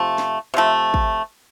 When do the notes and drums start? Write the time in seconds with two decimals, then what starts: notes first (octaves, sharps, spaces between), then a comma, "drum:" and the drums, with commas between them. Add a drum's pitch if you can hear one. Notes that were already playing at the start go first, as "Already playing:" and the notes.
Already playing: C3 F3 A3
0.18 drum: snare
0.54 C3 F3 A3
0.94 drum: kick